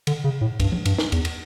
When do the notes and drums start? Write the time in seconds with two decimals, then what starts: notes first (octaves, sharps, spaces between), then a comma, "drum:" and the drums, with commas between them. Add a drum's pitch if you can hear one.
0.07 D3, drum: cymbal
0.24 C#3
0.41 A2
0.60 G2, drum: kick, cymbal
0.72 drum: tom F3
0.85 G2, drum: cymbal
0.98 drum: snare
1.12 E2, drum: cymbal
1.25 drum: cymbal